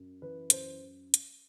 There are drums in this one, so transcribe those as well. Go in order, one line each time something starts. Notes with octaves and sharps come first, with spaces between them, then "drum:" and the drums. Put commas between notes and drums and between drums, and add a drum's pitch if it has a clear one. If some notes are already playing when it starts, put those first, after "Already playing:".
Already playing: F#2
E3 B4
F#2 C5, drum: hi-hat
drum: hi-hat